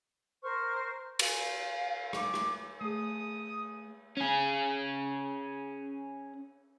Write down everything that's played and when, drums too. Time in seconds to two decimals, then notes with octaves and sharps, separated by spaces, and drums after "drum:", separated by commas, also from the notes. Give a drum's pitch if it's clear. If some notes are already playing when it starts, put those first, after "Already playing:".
0.43 A#4 C5 C#6 F6
1.19 F5, drum: cymbal
2.13 D6, drum: rim click
2.34 drum: rim click
2.81 A3 G#4 D#6
4.17 C#4 G#4